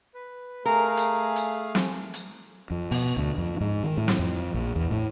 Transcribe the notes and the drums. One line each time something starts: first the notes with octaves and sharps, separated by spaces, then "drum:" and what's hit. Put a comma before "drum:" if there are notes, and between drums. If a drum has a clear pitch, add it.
B4
A3 G#4 A#4 F5
drum: hi-hat
drum: hi-hat
drum: snare
drum: hi-hat
F2
B2, drum: open hi-hat
D2
F2
G#2
D#3
A2
drum: snare
F2
A#1
E2
A2